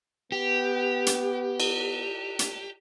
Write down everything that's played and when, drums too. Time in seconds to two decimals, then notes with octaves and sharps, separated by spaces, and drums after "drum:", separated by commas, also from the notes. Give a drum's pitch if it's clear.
0.32 B3 G4
1.06 drum: hi-hat
1.60 drum: cymbal
2.39 drum: hi-hat